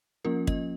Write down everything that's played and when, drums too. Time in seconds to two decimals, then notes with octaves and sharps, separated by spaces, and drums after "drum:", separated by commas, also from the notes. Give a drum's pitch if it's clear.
0.25 F3 A#3 C#4 F4 A#4
0.47 D#5, drum: kick